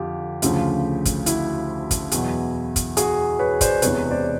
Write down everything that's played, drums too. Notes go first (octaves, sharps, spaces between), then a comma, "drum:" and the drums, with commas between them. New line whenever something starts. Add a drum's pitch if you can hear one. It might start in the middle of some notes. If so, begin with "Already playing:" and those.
Already playing: F2 D3 F4 G4
D2 C#3 F3, drum: hi-hat
drum: kick, hi-hat
E4 F#4, drum: hi-hat
drum: kick, hi-hat
E2 B2 F#3, drum: hi-hat
drum: kick, hi-hat
F#4 G#4, drum: hi-hat
B4 C#5
C5 D5, drum: kick, hi-hat
E1 E2 C3 B4 C#5, drum: hi-hat
C5 D5